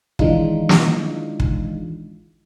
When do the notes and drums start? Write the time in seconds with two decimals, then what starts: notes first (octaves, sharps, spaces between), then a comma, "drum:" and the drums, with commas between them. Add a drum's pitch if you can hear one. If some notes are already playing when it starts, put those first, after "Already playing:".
0.19 D#3 E3 G#3 D4 D#4 F4, drum: kick
0.69 drum: snare
1.40 drum: kick